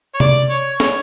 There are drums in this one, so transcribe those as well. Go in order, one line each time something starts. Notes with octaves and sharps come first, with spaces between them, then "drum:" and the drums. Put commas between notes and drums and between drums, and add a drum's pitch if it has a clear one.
C#5
D5, drum: tom C3
C#5
C#5, drum: snare